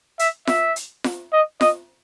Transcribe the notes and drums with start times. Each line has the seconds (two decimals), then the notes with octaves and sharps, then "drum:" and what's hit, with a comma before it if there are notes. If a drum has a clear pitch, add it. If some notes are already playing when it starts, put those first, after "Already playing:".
0.19 E5, drum: hi-hat
0.47 E5, drum: snare F4
0.76 drum: hi-hat
1.04 drum: snare F4
1.33 D#5
1.61 D#5, drum: snare F4